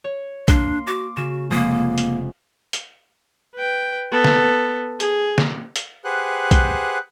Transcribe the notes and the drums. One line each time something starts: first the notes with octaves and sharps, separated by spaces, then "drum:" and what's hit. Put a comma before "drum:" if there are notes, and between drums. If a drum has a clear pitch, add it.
C#5
A#3 D4 C6 C7, drum: kick, hi-hat
F#4 D6
C#3 F#4 E7
F1 G#3 A#3 D#6
drum: hi-hat
drum: hi-hat
B4 G5
B3 A4
drum: snare
G#4, drum: hi-hat
drum: snare
drum: hi-hat
G4 G#4 B4 C5 F#5 F#6
drum: kick, hi-hat